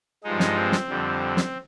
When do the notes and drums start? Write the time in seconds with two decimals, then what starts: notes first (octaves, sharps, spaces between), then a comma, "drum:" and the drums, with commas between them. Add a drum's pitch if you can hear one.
0.24 G2 F3 G#3 D#4
0.40 drum: snare
0.56 C4
0.72 drum: snare
0.89 F2 D3 G3
1.37 drum: snare